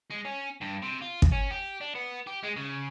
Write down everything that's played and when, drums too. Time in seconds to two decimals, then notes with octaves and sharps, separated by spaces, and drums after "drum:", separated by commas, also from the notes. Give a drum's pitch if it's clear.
0.11 G#3
0.25 C#4
0.61 G2
0.83 C3
1.02 F4
1.22 drum: kick
1.32 C#4
1.51 G4
1.81 D4
1.95 B3
2.27 G4
2.43 G#3
2.56 C#3